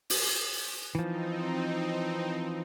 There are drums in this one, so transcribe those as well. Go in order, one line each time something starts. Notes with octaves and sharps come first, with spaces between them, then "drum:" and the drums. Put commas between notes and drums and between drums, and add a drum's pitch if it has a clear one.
drum: open hi-hat
E3 F3 C4 D#4